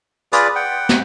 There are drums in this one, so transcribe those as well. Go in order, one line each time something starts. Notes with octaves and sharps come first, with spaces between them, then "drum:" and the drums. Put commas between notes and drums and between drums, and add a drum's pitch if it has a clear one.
F4 G#4 B4 D5, drum: hi-hat
F#5 G5
drum: snare